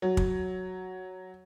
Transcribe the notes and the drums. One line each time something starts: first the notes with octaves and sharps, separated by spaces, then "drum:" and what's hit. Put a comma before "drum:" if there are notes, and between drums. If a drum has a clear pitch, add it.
F#3
drum: kick